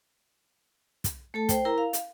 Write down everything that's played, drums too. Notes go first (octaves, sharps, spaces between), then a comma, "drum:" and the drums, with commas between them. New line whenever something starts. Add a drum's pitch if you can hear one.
drum: kick, hi-hat
A3 A4 A5
C5 G5, drum: kick, hi-hat
E4 A#4 A#5
F5
drum: hi-hat